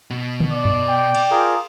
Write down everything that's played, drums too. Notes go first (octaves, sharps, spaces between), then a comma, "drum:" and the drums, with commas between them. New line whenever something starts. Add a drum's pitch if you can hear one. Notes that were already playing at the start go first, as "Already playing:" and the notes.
B2
drum: tom D3
D5
drum: tom F#2
G5
drum: cymbal
F4 G#4 A#4